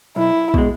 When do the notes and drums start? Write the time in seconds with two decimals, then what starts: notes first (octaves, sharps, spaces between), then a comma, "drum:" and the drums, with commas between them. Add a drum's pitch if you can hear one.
0.16 B1 E4
0.54 B2 G#3, drum: kick